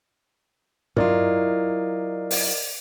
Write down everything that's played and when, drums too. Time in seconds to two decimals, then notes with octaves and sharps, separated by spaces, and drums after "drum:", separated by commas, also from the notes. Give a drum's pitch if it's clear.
0.96 F#3 E4 F4 A#4 D5 D#5, drum: tom G2
2.31 drum: open hi-hat